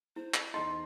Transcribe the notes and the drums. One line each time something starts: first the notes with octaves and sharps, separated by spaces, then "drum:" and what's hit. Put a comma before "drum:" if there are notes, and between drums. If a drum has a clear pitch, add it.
E4 C5
drum: clap
E2 D#4 A4 D#5 C6